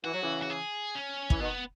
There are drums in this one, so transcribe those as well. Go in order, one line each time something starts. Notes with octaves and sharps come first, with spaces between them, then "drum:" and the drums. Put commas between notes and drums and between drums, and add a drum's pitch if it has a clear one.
E3 F#4
F#3
C#3 E3
F#4
G#4
C#4
E3, drum: kick
B2 D#3 B3